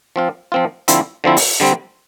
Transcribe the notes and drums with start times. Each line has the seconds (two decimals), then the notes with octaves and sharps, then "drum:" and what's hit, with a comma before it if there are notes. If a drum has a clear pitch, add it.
0.16 F3 C4 F4
0.52 F3 C4 F4
0.88 D3 F3 C4 E4, drum: hi-hat
1.24 D3 F3 C4 E4
1.37 drum: open hi-hat
1.60 D3 G3 C4